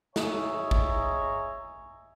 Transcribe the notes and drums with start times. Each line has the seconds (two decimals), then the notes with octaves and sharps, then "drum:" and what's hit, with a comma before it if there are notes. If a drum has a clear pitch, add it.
0.16 G#4 C#5 D#5 E5 G#5 A#5, drum: snare
0.71 drum: kick